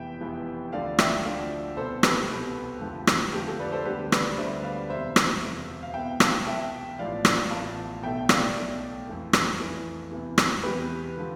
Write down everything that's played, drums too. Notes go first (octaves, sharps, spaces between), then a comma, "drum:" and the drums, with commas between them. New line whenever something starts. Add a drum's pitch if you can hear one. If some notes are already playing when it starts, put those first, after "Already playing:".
Already playing: F1 F2 E3 B3 E5 G5
F1 F2 E3 B3
D2 D3 F3 D5 F5
E5 G5, drum: rim click
D2 D3 F3 D5 F5
C2 B2 B3 A4 C5
G4 B4, drum: rim click
C2 B2 B3
F2 D3 F3 A3
drum: rim click
F2 D3 F3 A3 G4
A4
B4 D5
A4 C5
D2 D3 G3 B3 G4 B4
B4 D5, drum: rim click
D2 D3 G3 B3 C5 E5
D5 F5
E1 E2 C3 C5 E5
drum: rim click
E1 E2 C3
F5
C2 B2 B3 E5 G5
F5 A5, drum: rim click
C2 B2 B3 E5 G5
A1 A2 F3 B3 D5 F5
drum: rim click
A1 A2 F3 B3 F5 A5
B1 B2 A3 E5 G5
D5 F5, drum: rim click
B1 B2 A3
F2 E3 A3
drum: rim click
F2 E3 A3
E2 C3 E3
drum: rim click
E2 C3 E3 G4 B4
D3 F3